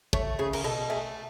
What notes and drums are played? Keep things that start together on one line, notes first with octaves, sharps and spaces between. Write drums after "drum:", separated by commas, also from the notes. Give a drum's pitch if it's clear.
A3 C#5, drum: kick
C#3 G#4
A#4, drum: cymbal
B2 A4
A3 G#4